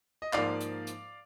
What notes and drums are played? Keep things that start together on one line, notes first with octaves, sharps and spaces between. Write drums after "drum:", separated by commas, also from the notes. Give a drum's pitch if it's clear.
D#5
G#2 F3 A#3 D5 F5, drum: clap
drum: hi-hat
drum: hi-hat